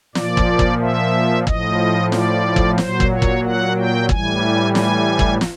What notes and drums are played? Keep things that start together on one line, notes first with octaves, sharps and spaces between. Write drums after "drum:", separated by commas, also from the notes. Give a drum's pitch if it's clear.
A#2 F3 D5, drum: snare
drum: kick
drum: kick
E5
A2 F3 D#5, drum: kick
D5, drum: snare
drum: kick
A#2 F#3 C5, drum: snare
drum: kick
C#5
drum: kick
F#5
G5
A2 E3 G3 G#5, drum: kick
G#5, drum: snare
drum: kick
drum: snare